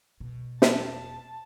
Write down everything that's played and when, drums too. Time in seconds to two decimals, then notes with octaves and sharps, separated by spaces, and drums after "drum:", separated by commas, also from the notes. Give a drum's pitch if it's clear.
0.20 E1 B2
0.62 A5, drum: snare